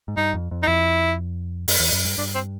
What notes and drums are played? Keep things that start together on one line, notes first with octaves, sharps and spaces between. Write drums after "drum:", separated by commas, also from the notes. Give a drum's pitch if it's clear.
G#2
G2 D#4
F2
F2
D#4
F2 E4
F#2, drum: open hi-hat
E2
F#2
G2
G2 D4
C4